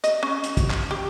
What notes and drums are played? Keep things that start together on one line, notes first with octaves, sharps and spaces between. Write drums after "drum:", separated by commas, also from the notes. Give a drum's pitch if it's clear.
D#5, drum: hi-hat
C#4
drum: hi-hat
drum: kick, hi-hat
drum: clap
G4